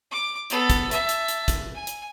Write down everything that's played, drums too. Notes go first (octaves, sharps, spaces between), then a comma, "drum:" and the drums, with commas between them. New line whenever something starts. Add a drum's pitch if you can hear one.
D6
B3 A4, drum: hi-hat
drum: kick, hi-hat
E5 A5, drum: hi-hat
drum: hi-hat
drum: hi-hat
drum: kick, hi-hat
G#5
drum: hi-hat